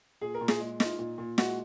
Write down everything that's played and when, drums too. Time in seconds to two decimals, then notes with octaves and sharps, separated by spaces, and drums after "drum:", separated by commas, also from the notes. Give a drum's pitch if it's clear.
0.21 A#2 G#4
0.34 A#4
0.41 A#2
0.48 G#4, drum: snare
0.60 G#3
0.80 D#4 F4, drum: snare
0.99 A#2
1.18 A#2
1.38 G#3 F#4, drum: snare